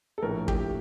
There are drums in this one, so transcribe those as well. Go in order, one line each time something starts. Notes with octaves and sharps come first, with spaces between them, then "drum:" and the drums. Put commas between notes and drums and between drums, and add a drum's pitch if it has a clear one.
A4
A#1 A2 A3 A#4
G4, drum: kick